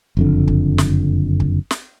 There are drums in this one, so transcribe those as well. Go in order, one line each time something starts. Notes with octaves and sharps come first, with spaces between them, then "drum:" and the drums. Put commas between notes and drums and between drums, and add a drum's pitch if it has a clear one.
F#1 F2 D3
drum: kick
drum: snare
drum: kick
drum: snare